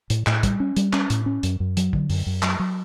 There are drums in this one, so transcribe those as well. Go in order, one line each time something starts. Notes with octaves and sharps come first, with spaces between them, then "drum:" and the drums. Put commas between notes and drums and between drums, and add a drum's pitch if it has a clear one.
A2, drum: hi-hat
A2, drum: clap
G3, drum: kick, hi-hat
C#4
G3, drum: hi-hat
C#4, drum: clap
A2, drum: hi-hat
C#4
F#2, drum: hi-hat
F#2
F#3, drum: hi-hat
D3, drum: kick
F#2, drum: open hi-hat
F#2
F#3, drum: clap
F#3